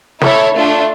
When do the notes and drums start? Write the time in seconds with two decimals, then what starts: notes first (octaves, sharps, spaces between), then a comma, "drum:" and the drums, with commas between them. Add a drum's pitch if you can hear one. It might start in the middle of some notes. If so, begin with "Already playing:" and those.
0.21 E4 A4 C#5, drum: snare
0.55 A3 D4 F4